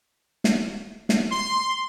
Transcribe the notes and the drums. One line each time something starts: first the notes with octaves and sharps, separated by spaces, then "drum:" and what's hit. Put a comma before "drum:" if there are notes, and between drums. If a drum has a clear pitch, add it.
drum: snare
drum: snare
C6